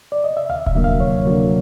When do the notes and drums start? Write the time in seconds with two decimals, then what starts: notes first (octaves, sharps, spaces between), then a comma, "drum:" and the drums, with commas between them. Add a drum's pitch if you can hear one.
0.12 D5
0.24 D#5
0.37 E5
0.49 D2 F5
0.66 E5, drum: kick D#1
0.75 D3 F#3 A#3
0.84 F5
1.00 D2 C#5
1.26 D3 F#3 A#3